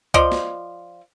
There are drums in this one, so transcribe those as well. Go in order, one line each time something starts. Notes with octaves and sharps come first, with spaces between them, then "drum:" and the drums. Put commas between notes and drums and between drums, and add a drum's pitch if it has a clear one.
F3 D5 D#5, drum: kick
drum: snare